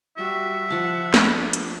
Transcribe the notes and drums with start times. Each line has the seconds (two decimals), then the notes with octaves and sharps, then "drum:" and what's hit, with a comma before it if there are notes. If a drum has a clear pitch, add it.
0.17 G3 F#4 E5
0.70 F3 F#5 A5
1.14 drum: snare
1.34 D4
1.53 drum: hi-hat